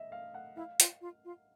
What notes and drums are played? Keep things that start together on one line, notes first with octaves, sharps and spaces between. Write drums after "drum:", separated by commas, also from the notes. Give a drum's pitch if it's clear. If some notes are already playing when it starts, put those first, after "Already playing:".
Already playing: D#5 E5
F5
F#5
E4 F5
F4, drum: hi-hat
F4
F4